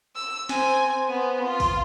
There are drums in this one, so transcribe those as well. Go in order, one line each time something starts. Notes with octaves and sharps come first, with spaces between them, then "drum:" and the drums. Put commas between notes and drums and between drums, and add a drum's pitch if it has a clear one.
E6
C4 G#5, drum: snare
B3 C4
F4
drum: kick, open hi-hat